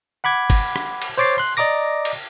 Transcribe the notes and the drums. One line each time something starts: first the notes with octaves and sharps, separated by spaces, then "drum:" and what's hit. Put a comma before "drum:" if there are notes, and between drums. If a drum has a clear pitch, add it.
F#5 B5 D6 G#6
drum: kick, cymbal
drum: rim click
drum: cymbal
C5 C#5 D6 A6 C7
C6 F#6
D5 D#5 A#5 D6 A#6
drum: cymbal